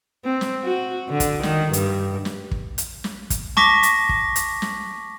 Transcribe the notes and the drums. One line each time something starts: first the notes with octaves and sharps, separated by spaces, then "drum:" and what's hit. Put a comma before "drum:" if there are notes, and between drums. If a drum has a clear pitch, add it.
C4
drum: snare
F#4
D3
drum: kick, hi-hat
D#3, drum: snare
G2, drum: hi-hat
drum: snare
drum: kick
drum: hi-hat
drum: snare
drum: kick, hi-hat
A5 C#6 D6 A#6 B6, drum: snare
drum: hi-hat
drum: kick
drum: hi-hat
drum: snare